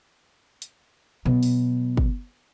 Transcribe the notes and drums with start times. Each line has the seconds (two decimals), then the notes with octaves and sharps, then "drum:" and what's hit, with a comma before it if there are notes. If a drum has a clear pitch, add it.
0.62 drum: hi-hat
1.26 B2 F#3, drum: tom A#2
1.43 drum: open hi-hat
1.97 drum: kick